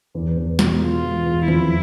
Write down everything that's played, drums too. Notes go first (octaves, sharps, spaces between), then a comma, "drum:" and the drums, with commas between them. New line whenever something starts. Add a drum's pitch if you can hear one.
E2
E2
B2, drum: snare
G#3 F4
E2
E2
F2 E4, drum: tom D#3